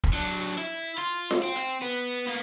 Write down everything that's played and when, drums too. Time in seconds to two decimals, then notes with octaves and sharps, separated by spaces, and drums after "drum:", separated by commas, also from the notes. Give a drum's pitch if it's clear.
0.04 drum: kick
0.14 F#3 D4
0.59 E4
0.98 F4
1.31 drum: snare F4
1.43 C4
1.56 drum: hi-hat
1.82 B3
2.27 A#3 B3